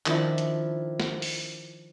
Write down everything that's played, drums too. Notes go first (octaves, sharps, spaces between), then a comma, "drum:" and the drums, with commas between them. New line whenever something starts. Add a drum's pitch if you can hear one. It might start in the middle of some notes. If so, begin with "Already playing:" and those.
D#3 F3 D4 E4, drum: clap
drum: hi-hat
drum: snare
drum: open hi-hat